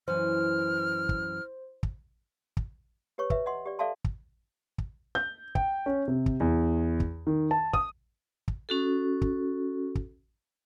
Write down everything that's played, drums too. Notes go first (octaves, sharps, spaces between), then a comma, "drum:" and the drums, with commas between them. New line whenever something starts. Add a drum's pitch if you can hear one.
F#2 E3 C5 F6
drum: kick
drum: kick
drum: kick
G4 B4 C#5 C#6
B4 E5, drum: kick
D#5 F#5 C6
G4 D5
A4 D5 E5 F5 A5 C6
drum: kick
drum: kick
G6
G5, drum: kick
C#4
C3
drum: kick
E2
drum: kick
D#3
A5
D#6, drum: kick
drum: kick
C#4 F#4 A4
drum: kick
drum: kick